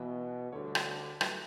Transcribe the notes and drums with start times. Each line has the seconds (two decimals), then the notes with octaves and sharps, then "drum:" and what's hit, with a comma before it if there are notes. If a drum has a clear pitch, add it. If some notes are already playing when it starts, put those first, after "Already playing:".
Already playing: B2 E3 B3 E4 B4
0.52 D2 D3 G3 D4 A4 C#5
0.75 drum: rim click
1.21 F#3 A3 E4 B4, drum: rim click